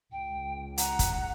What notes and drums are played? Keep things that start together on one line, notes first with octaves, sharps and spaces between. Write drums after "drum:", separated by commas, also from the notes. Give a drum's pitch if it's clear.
C#2 G5
F#5 A#5, drum: hi-hat
drum: kick, hi-hat